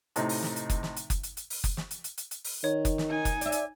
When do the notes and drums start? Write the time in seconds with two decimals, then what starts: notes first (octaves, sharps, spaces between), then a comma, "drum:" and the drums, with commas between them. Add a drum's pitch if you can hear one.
0.16 A2 C3 D#4, drum: hi-hat
0.29 drum: open hi-hat
0.43 drum: snare
0.56 drum: hi-hat
0.70 drum: kick F#1, hi-hat
0.83 drum: snare
0.96 drum: hi-hat
1.10 drum: kick F#1, hi-hat
1.23 drum: hi-hat
1.37 drum: hi-hat
1.50 drum: open hi-hat
1.64 drum: kick F#1, hi-hat
1.77 drum: snare
1.91 drum: hi-hat
2.04 drum: hi-hat
2.18 drum: hi-hat
2.31 drum: hi-hat
2.44 drum: open hi-hat
2.64 D#3 C#5
2.85 drum: kick F#1, hi-hat
2.98 drum: snare
3.09 D#4 G#5
3.25 drum: kick F#1, hi-hat
3.41 D5 E5, drum: hi-hat
3.52 drum: hi-hat